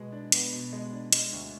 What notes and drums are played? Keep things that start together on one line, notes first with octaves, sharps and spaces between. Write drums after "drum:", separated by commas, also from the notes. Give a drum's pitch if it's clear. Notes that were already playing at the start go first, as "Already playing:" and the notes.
Already playing: B2 G#3 B3
D4
B3, drum: hi-hat
B2
G#3
D4
G#3, drum: hi-hat
D2